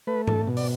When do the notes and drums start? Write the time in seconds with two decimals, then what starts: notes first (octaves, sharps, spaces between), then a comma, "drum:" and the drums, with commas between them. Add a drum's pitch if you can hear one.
0.07 A3 B4
0.27 A4, drum: tom G#2
0.47 B2
0.57 D5, drum: open hi-hat